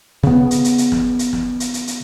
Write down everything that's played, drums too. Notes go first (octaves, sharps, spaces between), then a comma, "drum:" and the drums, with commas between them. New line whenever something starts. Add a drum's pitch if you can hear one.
C#3 B3, drum: snare
drum: hi-hat
drum: hi-hat
drum: hi-hat
drum: snare
drum: hi-hat
drum: snare
drum: hi-hat
drum: hi-hat
drum: hi-hat